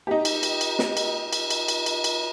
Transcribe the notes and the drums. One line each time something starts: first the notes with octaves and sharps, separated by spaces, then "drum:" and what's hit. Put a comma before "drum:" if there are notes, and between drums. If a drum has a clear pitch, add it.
D#4 G4
drum: cymbal
drum: cymbal
drum: cymbal
drum: snare
drum: cymbal
drum: cymbal
drum: cymbal
drum: cymbal
drum: cymbal
drum: cymbal